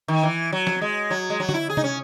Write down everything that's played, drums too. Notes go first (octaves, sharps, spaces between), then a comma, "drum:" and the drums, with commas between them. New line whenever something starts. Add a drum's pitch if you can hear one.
D#3
E3
F#3
drum: snare
G#3
F#3
G#3
F#3
F#4, drum: tom D3
E4
G#4
D#4, drum: tom C3
C#4